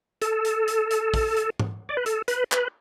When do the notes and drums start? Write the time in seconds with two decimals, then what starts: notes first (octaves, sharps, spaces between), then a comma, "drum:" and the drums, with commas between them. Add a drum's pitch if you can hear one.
0.22 A4, drum: hi-hat
0.45 drum: hi-hat
0.68 drum: hi-hat
0.91 drum: hi-hat
1.14 drum: kick, open hi-hat
1.37 drum: hi-hat
1.59 drum: tom
1.89 D5
1.97 B4
2.06 A4, drum: hi-hat
2.28 B4, drum: hi-hat
2.52 B4, drum: clap